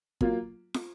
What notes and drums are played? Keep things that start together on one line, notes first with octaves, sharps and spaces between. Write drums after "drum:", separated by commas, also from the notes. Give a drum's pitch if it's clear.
F#3 A#3 F4, drum: kick
drum: snare